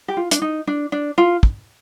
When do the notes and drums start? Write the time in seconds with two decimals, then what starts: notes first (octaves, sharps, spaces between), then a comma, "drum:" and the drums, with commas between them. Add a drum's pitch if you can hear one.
0.08 G4
0.17 F4
0.31 D4, drum: hi-hat
0.42 D#4
0.67 D4
0.92 D4
1.18 F4
1.43 drum: kick